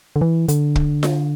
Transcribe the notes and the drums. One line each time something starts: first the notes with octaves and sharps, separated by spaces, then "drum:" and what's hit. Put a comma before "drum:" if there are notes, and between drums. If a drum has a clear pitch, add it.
D3
E3
D3, drum: hi-hat
drum: kick
drum: snare F4